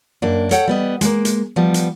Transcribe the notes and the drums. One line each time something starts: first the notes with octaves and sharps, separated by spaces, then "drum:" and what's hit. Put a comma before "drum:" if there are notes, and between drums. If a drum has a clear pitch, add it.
F#2 A#3 D4
A4 C#5 F#5 G5, drum: hi-hat
G3 B3 D#5
G#3 A#3, drum: hi-hat
drum: hi-hat
F3 G3 B3
drum: hi-hat